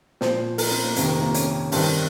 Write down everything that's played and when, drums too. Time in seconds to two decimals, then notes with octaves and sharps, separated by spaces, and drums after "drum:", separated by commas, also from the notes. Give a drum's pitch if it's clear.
0.21 A#2 F3 C5, drum: snare
0.58 A#4, drum: open hi-hat
0.71 C4
0.84 A#3
0.96 F2 C3 D#3 A#3, drum: hi-hat
1.09 A#3
1.22 A#3
1.34 C#4, drum: hi-hat
1.72 G2 D#3 C4, drum: open hi-hat